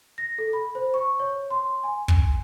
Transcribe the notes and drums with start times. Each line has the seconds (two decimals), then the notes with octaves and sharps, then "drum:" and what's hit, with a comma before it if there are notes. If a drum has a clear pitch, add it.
0.18 A#6
0.38 A4
0.53 B5
0.75 C5
0.94 C#6
1.20 C#5
1.51 C6
1.84 G#5
2.08 drum: kick